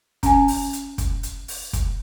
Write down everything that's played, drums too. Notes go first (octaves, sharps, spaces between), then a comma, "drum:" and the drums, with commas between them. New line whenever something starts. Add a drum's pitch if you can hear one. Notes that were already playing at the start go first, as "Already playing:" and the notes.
C#4 G#5, drum: kick, hi-hat
drum: open hi-hat
drum: hi-hat
drum: kick, hi-hat
drum: hi-hat
drum: open hi-hat
drum: kick, hi-hat